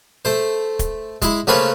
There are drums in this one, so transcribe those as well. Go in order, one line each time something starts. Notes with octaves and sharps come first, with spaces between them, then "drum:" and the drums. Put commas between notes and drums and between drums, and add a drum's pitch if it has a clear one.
A3 C5
drum: kick, hi-hat
G#3 E4, drum: kick, hi-hat
C#3 A3 A#3 C4 B4 C#5